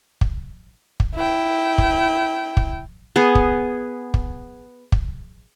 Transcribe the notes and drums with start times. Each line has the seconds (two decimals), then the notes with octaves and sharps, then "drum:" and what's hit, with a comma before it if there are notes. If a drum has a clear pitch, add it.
0.21 drum: kick
1.00 drum: kick
1.15 E4 G5
1.78 drum: kick
2.57 drum: kick
3.16 B3 G#4
3.35 drum: kick
4.14 drum: kick
4.92 drum: kick